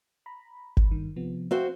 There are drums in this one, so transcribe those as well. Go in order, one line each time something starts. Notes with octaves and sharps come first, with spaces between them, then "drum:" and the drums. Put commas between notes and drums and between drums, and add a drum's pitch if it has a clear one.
A#5 B5
drum: kick G#1
G2 D#3
C3 F3 B3
C4 F#4 C5 E5 F5 G5